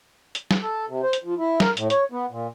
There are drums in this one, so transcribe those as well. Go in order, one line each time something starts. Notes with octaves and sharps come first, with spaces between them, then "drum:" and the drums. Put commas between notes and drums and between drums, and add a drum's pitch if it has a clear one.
drum: hi-hat
drum: snare
A4
C3
C5
drum: hi-hat
F3
E4
A#4, drum: snare
A2, drum: hi-hat
C#5, drum: hi-hat
B3
A#2